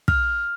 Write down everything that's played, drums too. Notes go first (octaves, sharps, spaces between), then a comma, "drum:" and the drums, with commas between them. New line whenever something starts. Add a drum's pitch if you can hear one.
F6, drum: kick